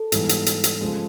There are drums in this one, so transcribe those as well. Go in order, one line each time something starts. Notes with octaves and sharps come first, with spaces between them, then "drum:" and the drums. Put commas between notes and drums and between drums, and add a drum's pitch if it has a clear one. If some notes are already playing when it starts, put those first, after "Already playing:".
Already playing: A4
G#2 E3 G3 B3, drum: hi-hat
drum: hi-hat
drum: hi-hat
drum: hi-hat
C#3 F3 G#3